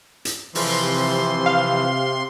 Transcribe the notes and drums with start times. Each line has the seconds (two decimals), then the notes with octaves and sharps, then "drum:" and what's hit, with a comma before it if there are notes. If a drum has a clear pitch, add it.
0.25 drum: hi-hat
0.55 C3 E3 F3 C6, drum: open hi-hat
1.46 F5